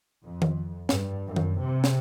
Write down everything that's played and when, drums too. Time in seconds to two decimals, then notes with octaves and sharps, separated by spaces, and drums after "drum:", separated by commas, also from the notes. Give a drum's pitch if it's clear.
0.24 F2
0.42 drum: tom D#3
0.89 G2, drum: snare
1.26 F#2
1.36 drum: tom D#3
1.60 C3
1.84 drum: snare